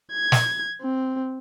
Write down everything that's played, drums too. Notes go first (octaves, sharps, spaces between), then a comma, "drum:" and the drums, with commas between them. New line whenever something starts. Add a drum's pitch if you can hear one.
G#6
drum: snare
C4